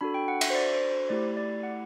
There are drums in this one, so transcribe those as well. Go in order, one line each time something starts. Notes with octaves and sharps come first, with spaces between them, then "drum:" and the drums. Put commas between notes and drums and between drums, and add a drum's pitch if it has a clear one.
D4 F#4 A4 B5
G5
F#5
E5, drum: cymbal
C5
D5
C5
C5
A3 E4 G4 D5
D5
F#5